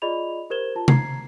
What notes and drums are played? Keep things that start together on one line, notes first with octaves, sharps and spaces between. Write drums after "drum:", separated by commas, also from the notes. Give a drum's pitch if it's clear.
F4 G#4 D5 D#5 B5 F7
G4 A#4 C5 G#6 E7 G7
F4 A5
A#5 G#6 C7, drum: tom C3